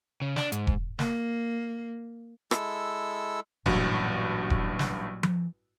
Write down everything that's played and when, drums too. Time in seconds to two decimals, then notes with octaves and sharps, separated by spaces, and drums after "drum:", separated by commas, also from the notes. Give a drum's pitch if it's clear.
0.22 C#3
0.36 D4, drum: snare
0.52 G#2, drum: hi-hat
0.67 drum: kick E1
0.99 A#3, drum: snare
2.51 G#3 E4 A4 E6, drum: rim click
3.66 A1 G2 A#2 F#3 F#4, drum: kick E1
4.50 drum: kick E1
4.79 drum: snare
5.23 drum: tom F3